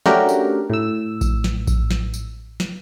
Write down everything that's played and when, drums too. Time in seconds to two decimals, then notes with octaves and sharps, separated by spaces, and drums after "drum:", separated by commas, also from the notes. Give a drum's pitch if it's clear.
0.06 A3 C#4 D4 F#4 G4 A#4, drum: snare
0.29 drum: tambourine
0.70 A2 E6
1.21 drum: kick A#1, tambourine
1.44 drum: snare
1.67 drum: kick A#1, tambourine
1.91 drum: snare
2.14 drum: tambourine
2.60 drum: snare